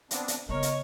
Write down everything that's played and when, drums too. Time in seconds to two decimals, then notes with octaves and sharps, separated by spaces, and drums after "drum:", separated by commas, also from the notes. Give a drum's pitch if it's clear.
0.11 B3 C4 D4, drum: hi-hat
0.28 drum: hi-hat
0.49 C#3 B3 A#4 C#5 D#5
0.63 drum: hi-hat